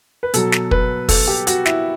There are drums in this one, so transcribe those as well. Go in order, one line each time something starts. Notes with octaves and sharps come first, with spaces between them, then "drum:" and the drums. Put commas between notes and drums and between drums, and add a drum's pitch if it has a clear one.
B4
B2 F#3 A4, drum: hi-hat
drum: snare
B4, drum: kick
A4, drum: kick, open hi-hat
G4
F#4, drum: hi-hat
E4, drum: snare